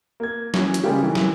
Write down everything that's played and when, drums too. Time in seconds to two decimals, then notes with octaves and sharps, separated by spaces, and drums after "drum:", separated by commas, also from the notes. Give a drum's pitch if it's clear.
0.20 A#3 G#6
0.54 E3 F#3 C#4 F#4, drum: snare
0.74 drum: hi-hat
0.83 C#3 G3 G#3 A#3 F4 G4
1.02 D#3 E3
1.15 drum: snare